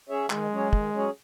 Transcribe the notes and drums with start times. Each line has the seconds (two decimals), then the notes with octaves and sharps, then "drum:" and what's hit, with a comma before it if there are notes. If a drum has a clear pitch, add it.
0.09 C#4 G#4 C#5 E5
0.30 D#3 G#3, drum: clap
0.51 F#3 C#4 G#4 C#5
0.73 D#3, drum: kick
0.93 F#3 C#4 G#4 C#5